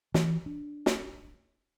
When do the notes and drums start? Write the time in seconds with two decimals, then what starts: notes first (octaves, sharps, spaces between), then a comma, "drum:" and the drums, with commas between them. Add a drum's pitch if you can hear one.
0.14 E3, drum: snare
0.46 D4
0.86 drum: snare